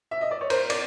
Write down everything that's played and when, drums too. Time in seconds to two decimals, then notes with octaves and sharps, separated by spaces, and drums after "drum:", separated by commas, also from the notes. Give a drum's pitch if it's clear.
0.11 E5
0.21 D#5
0.31 D5
0.41 C#5
0.50 A#4 C5, drum: cymbal
0.70 D5, drum: cymbal